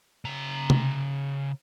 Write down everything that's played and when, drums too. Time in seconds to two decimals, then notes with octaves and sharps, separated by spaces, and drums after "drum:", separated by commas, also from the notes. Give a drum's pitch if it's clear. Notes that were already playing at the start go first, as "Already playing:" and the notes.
0.25 C#3 A#5
0.70 drum: tom C3